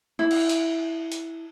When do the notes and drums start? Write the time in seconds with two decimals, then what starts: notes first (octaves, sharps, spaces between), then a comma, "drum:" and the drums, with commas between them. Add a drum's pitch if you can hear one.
0.19 E4
0.31 drum: cymbal
0.49 drum: hi-hat
1.12 drum: hi-hat